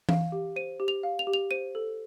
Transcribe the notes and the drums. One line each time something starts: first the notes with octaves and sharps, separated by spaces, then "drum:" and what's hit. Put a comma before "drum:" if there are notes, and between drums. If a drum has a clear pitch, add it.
F5, drum: tom E3
G4
C5 D#7
G4
F7
F5
F7
G4
F7
C5 D#7
A4